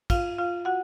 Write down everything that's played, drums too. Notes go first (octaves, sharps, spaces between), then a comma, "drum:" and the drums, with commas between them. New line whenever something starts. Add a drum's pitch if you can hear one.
F4 F5, drum: kick, cymbal
F4 F5
F#4 F#5